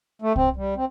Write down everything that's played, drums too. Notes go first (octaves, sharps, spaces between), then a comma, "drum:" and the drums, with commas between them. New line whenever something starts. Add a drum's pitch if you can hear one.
A3
C4, drum: kick C2
G3
C4